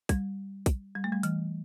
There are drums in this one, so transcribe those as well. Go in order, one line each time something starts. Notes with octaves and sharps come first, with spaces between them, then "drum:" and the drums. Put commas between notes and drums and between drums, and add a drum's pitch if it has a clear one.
G3, drum: kick, hi-hat
drum: kick, hi-hat
G3
A3
G3
E3, drum: hi-hat